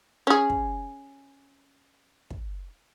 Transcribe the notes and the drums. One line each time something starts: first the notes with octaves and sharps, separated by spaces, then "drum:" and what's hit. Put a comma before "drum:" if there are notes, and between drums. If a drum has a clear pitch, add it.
C#4 G#4
drum: kick
drum: kick